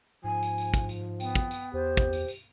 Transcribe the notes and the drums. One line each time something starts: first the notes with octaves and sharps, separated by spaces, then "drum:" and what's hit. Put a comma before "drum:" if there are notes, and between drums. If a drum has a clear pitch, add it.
G#2 F3 G#5
drum: tambourine
drum: tambourine
drum: kick, tambourine
drum: tambourine
B3 G5, drum: tambourine
drum: kick, tambourine
drum: tambourine
E2 G4 C5
drum: kick
drum: tambourine
drum: tambourine